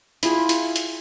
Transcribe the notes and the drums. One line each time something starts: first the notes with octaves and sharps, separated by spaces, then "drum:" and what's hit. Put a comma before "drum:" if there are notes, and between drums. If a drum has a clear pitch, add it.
E4 F4 G#4 G5, drum: hi-hat
drum: hi-hat
drum: hi-hat